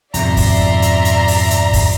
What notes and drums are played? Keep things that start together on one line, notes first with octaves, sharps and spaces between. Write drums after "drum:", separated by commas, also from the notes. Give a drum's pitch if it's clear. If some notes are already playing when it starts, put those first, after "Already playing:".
F2 G#2 B2 D5 E5 A#5 C6, drum: hi-hat
drum: kick, open hi-hat
drum: hi-hat
drum: hi-hat
drum: open hi-hat
drum: hi-hat
drum: kick, open hi-hat